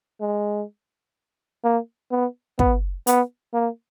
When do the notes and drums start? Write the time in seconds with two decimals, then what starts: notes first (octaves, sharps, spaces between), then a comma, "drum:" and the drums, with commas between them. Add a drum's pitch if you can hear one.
0.21 G#3
1.64 A#3
2.11 B3
2.59 B3, drum: kick
3.07 B3, drum: hi-hat
3.54 A#3